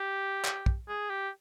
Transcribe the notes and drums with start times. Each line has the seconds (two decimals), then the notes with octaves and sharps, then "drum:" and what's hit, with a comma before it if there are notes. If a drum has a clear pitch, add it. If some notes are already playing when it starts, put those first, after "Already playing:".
Already playing: G4
0.45 drum: clap
0.66 drum: kick
0.88 G#4
1.10 G4